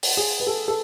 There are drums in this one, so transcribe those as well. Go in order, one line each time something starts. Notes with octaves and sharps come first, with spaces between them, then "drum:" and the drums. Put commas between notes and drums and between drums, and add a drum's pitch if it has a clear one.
drum: open hi-hat
G#4
B4
A4
A4